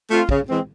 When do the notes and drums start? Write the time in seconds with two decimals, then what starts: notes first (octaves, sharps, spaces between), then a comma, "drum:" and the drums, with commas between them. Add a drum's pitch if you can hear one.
0.09 A3 C4 F4
0.29 C#3, drum: kick
0.48 E3 G#3 C4